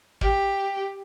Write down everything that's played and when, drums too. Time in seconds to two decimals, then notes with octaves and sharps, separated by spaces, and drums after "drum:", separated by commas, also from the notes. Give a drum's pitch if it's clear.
0.21 G4, drum: kick